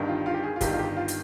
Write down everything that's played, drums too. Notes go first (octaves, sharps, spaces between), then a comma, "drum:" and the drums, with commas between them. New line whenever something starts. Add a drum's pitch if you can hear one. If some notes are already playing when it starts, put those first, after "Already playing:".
Already playing: G1 G2 D#3
F4
F4
G4
G#4
F4
G1 G2 D#3 G4, drum: kick, hi-hat
F4
G4
F4
drum: hi-hat